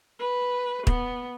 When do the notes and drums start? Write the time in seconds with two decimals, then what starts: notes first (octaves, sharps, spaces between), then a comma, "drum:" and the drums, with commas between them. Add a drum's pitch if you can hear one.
0.20 B4
0.87 B3, drum: kick